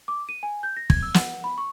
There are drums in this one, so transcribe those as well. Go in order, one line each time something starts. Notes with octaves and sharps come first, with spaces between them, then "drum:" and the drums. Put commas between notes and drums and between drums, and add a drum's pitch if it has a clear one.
D6
D#7
G#5
G6
A#6
G#6, drum: kick
E6
F#5, drum: snare
B5
C#6